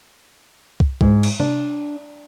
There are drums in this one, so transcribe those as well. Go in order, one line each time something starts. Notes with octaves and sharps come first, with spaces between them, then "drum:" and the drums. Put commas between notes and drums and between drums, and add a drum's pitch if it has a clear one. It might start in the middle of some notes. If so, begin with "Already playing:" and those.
drum: kick
G#2, drum: kick
drum: cymbal
D4, drum: tom C3